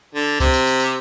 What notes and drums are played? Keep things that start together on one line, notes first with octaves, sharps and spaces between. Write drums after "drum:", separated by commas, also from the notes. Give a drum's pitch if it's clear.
D3
C3, drum: kick C#2, tambourine
drum: tambourine
drum: tambourine
drum: tambourine